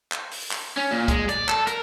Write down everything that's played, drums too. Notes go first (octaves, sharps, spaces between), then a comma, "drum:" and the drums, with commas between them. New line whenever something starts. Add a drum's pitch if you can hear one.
drum: clap
drum: open hi-hat
drum: clap
C#4
A#2
G#3, drum: kick, hi-hat
D5, drum: hi-hat
A4, drum: clap
A#4, drum: hi-hat